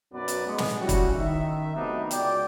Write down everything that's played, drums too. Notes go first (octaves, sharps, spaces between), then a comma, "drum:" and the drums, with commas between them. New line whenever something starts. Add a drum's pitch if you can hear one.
B1 F#2 F#3 B3 B4 D5
drum: hi-hat
G#3 B3
drum: snare
G3 C#4 E4 F#4
drum: kick, hi-hat
D#3 E5
C3 F#3 A3 B3 D4 D#4
C#2 F#4 D5 G5, drum: hi-hat